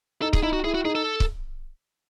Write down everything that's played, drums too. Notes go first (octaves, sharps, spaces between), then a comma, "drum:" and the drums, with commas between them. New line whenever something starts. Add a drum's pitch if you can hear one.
D#4 A4
G#4, drum: kick C#1
D#4 E4
F#4
E4 G#4
F#4
D#4 G#4
A4
drum: kick C#1